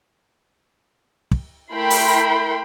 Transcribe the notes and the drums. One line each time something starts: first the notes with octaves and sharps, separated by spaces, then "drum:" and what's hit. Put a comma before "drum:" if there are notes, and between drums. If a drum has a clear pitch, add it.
drum: kick
A3 E4 A#4 G5 B5 C6
drum: open hi-hat